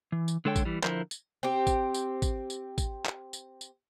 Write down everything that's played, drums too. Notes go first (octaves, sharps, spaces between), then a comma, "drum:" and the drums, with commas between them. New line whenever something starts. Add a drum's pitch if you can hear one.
E3
drum: tambourine
D3 G#3 A4 C#5 G5
drum: kick, tambourine
E3 G3
D3 F3 E4 A#4 C5, drum: clap
drum: tambourine
C4 G4
drum: kick, tambourine
drum: tambourine
drum: kick, tambourine
drum: tambourine
drum: kick, tambourine
drum: clap
drum: tambourine
drum: tambourine